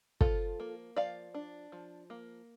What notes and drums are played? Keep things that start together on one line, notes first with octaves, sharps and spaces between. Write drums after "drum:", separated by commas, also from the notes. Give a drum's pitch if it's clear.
F3 F4 A4, drum: kick
A#3
F3 D5 F5
D4
F3
A#3